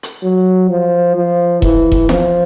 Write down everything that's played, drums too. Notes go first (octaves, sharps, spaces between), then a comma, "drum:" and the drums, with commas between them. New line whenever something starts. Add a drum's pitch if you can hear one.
drum: hi-hat
F#3
F3
F3
E3, drum: kick E1
drum: kick E1
F3, drum: snare